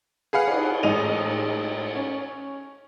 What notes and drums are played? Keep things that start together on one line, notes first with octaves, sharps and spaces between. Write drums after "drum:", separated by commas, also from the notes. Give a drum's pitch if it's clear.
G#4 B4 F5 F#5
drum: cymbal
A1 G#3 D#4 D#5 D#7 F7
C#4